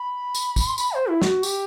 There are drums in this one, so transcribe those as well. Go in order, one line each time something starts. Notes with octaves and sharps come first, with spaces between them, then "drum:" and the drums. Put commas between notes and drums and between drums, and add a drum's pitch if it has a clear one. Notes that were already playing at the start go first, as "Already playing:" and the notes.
Already playing: B5
drum: tambourine
drum: kick, tambourine
C6
B5, drum: tambourine
C5
E4
F#4, drum: snare
G4, drum: tambourine